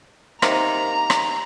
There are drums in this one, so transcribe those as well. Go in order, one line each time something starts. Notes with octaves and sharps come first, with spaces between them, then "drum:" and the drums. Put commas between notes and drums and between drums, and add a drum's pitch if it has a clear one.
C3 D#3 A#3 A#5, drum: rim click
drum: rim click